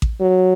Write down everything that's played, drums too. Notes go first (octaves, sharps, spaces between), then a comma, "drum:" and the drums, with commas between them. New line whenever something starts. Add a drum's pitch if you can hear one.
drum: kick A1
F#3